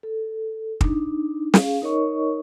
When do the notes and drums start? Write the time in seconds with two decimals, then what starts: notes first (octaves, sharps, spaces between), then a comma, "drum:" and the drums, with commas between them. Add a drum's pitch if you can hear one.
0.03 A4
0.81 D4 D#4, drum: kick
1.54 C#4 G#4 F5, drum: snare
1.82 D#4 A#4 C#5 D#5 C#6